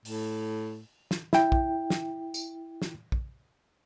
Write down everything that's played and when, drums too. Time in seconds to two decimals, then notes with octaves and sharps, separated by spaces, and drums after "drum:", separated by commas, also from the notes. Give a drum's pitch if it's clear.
0.05 A2, drum: open hi-hat
1.11 drum: snare
1.33 E4 G5, drum: snare
1.52 drum: kick
1.90 drum: snare
2.34 drum: tambourine
2.82 drum: snare
3.12 drum: kick